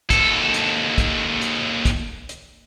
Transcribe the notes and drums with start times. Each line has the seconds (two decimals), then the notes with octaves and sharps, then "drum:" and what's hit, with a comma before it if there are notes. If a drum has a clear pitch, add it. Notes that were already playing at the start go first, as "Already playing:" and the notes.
0.10 D#2 A4, drum: kick, hi-hat
0.54 drum: hi-hat
0.98 drum: kick, hi-hat
1.42 drum: hi-hat
1.85 drum: kick, hi-hat
2.29 drum: hi-hat